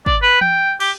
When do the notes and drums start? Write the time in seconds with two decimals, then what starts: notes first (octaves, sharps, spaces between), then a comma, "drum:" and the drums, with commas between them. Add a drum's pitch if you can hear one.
0.06 D5, drum: kick
0.22 B4
0.41 G5, drum: tom E3
0.80 G4, drum: cymbal